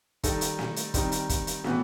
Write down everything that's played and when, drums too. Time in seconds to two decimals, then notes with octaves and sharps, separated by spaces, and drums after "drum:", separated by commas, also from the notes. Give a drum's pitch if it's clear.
0.24 D#3 G3 D#4 A4 D#5, drum: kick, hi-hat
0.41 drum: hi-hat
0.59 drum: snare
0.76 drum: hi-hat
0.94 D#3 G3 C4 D#4, drum: kick, hi-hat
1.12 drum: hi-hat
1.29 drum: kick, hi-hat
1.47 drum: hi-hat
1.64 A2 E3 B3 F#4, drum: snare